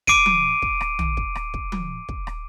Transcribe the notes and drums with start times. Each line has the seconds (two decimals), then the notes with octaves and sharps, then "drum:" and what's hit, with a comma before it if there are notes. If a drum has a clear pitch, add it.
0.07 D6 C7 D7 D#7, drum: kick
0.26 drum: tom F3
0.62 drum: kick
0.81 drum: rim click
0.99 drum: tom
1.17 drum: kick
1.35 drum: rim click
1.54 drum: kick
1.72 drum: tom F3
2.09 drum: kick
2.27 drum: rim click